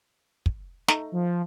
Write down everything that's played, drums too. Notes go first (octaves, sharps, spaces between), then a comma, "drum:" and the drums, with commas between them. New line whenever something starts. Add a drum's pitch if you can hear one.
drum: kick
A3 D#4 A#5, drum: snare
F3